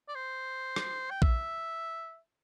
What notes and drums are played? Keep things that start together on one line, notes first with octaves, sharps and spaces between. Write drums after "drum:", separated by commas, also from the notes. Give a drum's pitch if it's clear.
D5
C5
drum: rim click
G5
E5, drum: kick A#1